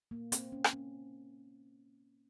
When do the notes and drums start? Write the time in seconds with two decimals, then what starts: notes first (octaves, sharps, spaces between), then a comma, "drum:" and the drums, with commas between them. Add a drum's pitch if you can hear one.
0.11 A#3
0.32 C4, drum: hi-hat
0.52 C#4
0.64 drum: rim click
0.73 C#4